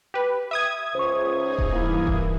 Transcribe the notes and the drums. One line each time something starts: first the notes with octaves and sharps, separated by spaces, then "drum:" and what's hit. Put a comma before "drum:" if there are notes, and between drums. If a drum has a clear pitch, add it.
G4 B4
E5 D#6 G#6
C#2 C5 C#6
D#4 G#4
drum: kick D#1
G2 E3 A#3 E4
drum: kick D#1